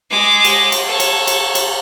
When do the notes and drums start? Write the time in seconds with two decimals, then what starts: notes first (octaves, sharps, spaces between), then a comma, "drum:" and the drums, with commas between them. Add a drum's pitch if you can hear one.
0.10 G#3 D6
0.44 drum: cymbal
0.72 drum: cymbal
0.86 A4 C#5
1.00 drum: cymbal
1.27 drum: cymbal
1.55 drum: cymbal